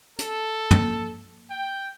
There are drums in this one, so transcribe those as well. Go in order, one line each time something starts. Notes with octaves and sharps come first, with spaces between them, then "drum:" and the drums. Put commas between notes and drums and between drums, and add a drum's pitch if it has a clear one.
A4, drum: hi-hat
drum: tom
G5